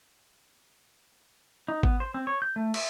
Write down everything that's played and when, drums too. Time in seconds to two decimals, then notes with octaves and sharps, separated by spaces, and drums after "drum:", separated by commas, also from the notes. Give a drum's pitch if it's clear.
1.68 D#4
1.83 B3, drum: kick G#1
2.00 C5
2.14 C4
2.27 C#5
2.42 G6
2.56 A3
2.74 E5, drum: cymbal